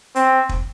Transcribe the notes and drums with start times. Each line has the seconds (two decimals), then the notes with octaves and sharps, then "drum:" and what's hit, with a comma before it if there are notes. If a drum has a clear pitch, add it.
0.16 C4, drum: hi-hat
0.49 drum: kick